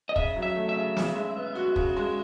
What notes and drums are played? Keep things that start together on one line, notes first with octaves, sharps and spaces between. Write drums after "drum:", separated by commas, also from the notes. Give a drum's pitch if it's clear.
D#5
C#3 E5, drum: kick
F#3
E5
A3
E5
C#3
C#3, drum: snare
G#3
B3
F#4
C#3, drum: kick
G#3